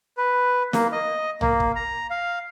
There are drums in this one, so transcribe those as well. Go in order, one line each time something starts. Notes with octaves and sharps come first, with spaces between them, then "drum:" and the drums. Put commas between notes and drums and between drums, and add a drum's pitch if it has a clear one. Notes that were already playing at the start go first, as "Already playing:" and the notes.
B4
A#3, drum: snare
D#5
A#3, drum: tom
drum: kick
A#5
F5